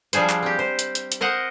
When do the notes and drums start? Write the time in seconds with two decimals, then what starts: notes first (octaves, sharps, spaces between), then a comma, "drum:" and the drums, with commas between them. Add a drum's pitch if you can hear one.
0.13 F3 G3 D4 G#4 C5, drum: hi-hat
0.29 drum: clap
0.42 C4 G4
0.59 C5
0.79 drum: hi-hat
0.95 drum: hi-hat
1.12 drum: hi-hat
1.21 A#4 C5 D#5 F#5